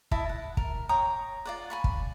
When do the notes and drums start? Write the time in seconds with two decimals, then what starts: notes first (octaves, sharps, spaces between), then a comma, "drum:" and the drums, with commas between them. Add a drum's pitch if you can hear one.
0.11 E4 D#5 E5 A5, drum: kick
0.29 F#5
0.57 A#4, drum: kick
0.89 C#5 G5 A#5 D#6
1.45 F4 D5 F#5
1.70 G#5 B5 C#6
1.84 drum: kick